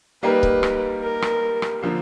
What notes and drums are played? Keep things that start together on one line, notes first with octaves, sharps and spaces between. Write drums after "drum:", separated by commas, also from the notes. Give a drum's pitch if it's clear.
G3 A#3 D#4 G4 A#4 B4
drum: kick C#1
drum: rim click
A#4
drum: rim click
drum: rim click
D3 F3 A#3